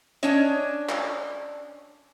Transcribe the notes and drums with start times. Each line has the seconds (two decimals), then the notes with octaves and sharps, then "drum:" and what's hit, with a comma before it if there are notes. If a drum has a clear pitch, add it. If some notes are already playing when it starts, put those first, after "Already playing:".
0.23 C#4 D4 C#5 D#5, drum: hi-hat
0.89 drum: clap